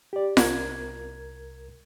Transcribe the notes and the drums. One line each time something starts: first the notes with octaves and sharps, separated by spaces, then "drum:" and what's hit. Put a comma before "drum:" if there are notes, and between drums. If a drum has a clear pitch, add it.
G4 D5
C2 A#4 G#6, drum: snare F4